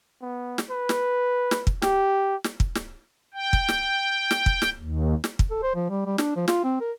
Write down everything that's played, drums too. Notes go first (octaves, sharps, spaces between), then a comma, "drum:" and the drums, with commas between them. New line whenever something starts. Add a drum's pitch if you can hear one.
B3
drum: snare
B4
drum: snare
drum: snare
drum: kick
G4, drum: snare
drum: snare
drum: kick
drum: snare
G5
drum: kick
drum: snare
drum: snare
drum: kick
drum: snare
D#2
drum: snare
drum: kick
A4
C5
F3
G3
G3
D4, drum: snare
F3
F4, drum: snare
C4
A#4